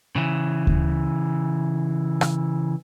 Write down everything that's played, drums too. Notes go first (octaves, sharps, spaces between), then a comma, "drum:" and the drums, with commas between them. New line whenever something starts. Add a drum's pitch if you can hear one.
C#3 E3
drum: kick D2
drum: rim click